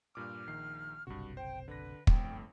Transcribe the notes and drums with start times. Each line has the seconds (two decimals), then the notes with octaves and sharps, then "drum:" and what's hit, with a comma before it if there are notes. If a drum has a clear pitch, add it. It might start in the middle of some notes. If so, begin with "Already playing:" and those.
0.15 G2 A#2 D6 F6
0.47 A#1 D#3 C7
1.07 F#1 B1 G2 C3 F#4 C#6
1.37 C5 G5
1.68 D3 B4 A#6
2.07 G1 F2 A3 G5, drum: kick